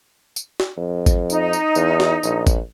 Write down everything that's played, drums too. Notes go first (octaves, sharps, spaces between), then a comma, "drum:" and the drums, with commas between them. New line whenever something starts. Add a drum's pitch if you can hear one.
drum: tambourine
drum: snare
F2
drum: kick G#1, tambourine
D#4, drum: tambourine
drum: tambourine
E2, drum: tambourine
drum: snare
A#1, drum: tambourine
drum: kick G#1, tambourine